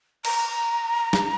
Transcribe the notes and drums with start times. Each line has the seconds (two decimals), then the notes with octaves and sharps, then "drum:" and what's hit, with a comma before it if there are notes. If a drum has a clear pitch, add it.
0.25 A#5, drum: cymbal
1.13 drum: snare